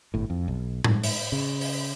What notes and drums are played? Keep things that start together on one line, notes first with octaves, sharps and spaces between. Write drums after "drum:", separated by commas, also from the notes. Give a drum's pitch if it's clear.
G1 A2
F2
B1
G#2, drum: tom A2
drum: open hi-hat
C#3
drum: open hi-hat